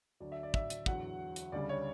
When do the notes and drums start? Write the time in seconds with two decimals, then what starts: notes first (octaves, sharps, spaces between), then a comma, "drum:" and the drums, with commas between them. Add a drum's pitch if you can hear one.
0.20 D2 D3 F#3 D5
0.32 E5
0.43 D5
0.54 E5, drum: kick
0.70 drum: hi-hat
0.86 E2 D3 F#3 F#5, drum: kick
1.36 drum: hi-hat
1.52 D2 C#3 G3 D5
1.69 C#5